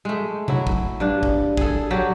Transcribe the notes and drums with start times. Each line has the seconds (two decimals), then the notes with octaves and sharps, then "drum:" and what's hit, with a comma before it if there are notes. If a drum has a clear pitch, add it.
0.05 G#3 A3
0.48 F#3 E4, drum: tom C3
0.67 drum: kick
1.00 G2 D4
1.23 drum: kick
1.57 G#4 A4, drum: kick
1.91 F#3 G4 D5